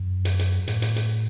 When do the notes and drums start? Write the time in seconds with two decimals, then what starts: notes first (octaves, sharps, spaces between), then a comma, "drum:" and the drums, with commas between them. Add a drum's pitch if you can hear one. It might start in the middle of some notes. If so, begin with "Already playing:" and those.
Already playing: F#2
0.25 drum: hi-hat
0.39 drum: hi-hat
0.68 A2, drum: hi-hat
0.82 drum: hi-hat
0.96 drum: hi-hat